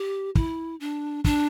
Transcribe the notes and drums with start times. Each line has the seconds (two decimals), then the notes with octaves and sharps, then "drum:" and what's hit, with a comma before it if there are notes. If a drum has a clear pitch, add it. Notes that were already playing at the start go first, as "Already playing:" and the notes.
Already playing: G4
0.35 E4, drum: kick
0.80 D4
1.24 D4, drum: kick